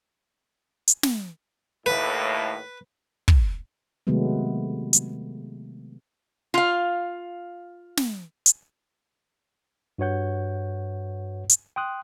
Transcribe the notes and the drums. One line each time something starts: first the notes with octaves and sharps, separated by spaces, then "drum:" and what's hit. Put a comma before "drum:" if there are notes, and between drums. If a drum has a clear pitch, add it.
drum: hi-hat
drum: snare
D#2 A2 B4
drum: kick
C3 D#3 F#3 G#3 A3 B3
drum: hi-hat
F4 F5
drum: snare
drum: hi-hat
G2 F#4 B4 C#5 F#5 G6
drum: hi-hat
G5 C6 D#6 F#6